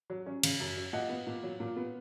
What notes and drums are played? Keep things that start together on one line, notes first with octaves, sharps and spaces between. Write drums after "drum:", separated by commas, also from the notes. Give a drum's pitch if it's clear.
F#3
C#4
C#3, drum: cymbal
F#2
F#3
A#2 D#5 F#5
B3
A#2
F#3
A#2
B3